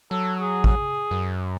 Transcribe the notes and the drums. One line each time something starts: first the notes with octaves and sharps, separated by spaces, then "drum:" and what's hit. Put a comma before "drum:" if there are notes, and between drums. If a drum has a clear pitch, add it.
F#3 A4
G#4
drum: kick A1
F#2